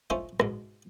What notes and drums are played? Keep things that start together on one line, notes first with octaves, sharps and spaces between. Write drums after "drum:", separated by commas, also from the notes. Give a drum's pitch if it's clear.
A3 C#4 D#4 F4 C5
G#2 B2, drum: rim click